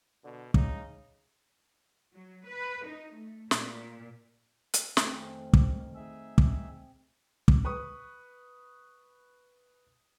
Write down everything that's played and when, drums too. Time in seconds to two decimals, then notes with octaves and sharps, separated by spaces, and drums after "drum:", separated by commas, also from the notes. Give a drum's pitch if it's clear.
0.24 B2 D3
0.54 C#3 D#4, drum: kick
2.14 F#3
2.46 B4
2.85 D#4
3.15 A3
3.51 A#2, drum: snare
4.74 drum: hi-hat
4.97 F2 D#3 A3 C4 G#5, drum: snare
5.53 drum: kick
5.95 D#4 G#4 E5
6.38 drum: kick
7.48 drum: kick
7.65 B4 C#6 D#6